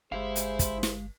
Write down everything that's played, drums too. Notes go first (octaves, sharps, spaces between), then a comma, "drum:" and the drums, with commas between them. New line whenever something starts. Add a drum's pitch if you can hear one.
G1 G#3 E4 G4 G#4 C5 F5
drum: hi-hat
drum: kick, hi-hat
drum: snare